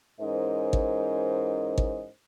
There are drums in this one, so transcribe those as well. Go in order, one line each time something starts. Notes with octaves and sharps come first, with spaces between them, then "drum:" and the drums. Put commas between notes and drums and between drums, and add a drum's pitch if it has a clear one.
G#2 E3 C#4 A#4 C5 D#5
drum: kick G#1
drum: kick G#1